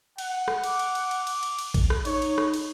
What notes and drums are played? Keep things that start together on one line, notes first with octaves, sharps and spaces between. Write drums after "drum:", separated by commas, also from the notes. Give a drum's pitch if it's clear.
F#5, drum: cymbal
drum: rim click
D6, drum: cymbal
drum: cymbal
drum: cymbal
drum: cymbal
drum: cymbal
drum: cymbal
drum: cymbal
drum: kick, cymbal
drum: rim click
D#4 C#5, drum: cymbal
drum: cymbal
drum: rim click
drum: cymbal